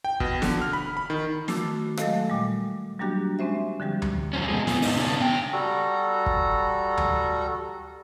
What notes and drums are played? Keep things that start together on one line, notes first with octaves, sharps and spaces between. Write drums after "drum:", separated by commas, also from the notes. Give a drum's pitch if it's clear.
G5
B2, drum: kick
D3, drum: snare
F6
B5
B5
D#3
D#3 A3 F#4 D6 E6 A6, drum: snare
F#3 G#3 A3 A4 D#5 F5, drum: rim click
A#2 G3 G#3
F#3 G3 A#3 D4 F#4 G4
G#3 C4 C#4 C5 E5
D3 F3 G3 G4
drum: tom D2
F3 C4 C#4
B2 G#3
E3 G#3 B3, drum: snare
G#2 C4 D#4, drum: open hi-hat
C#3 B3 C#4 D4
C#3 G5
G3 F#4 A4 A#5
drum: kick
drum: tom D2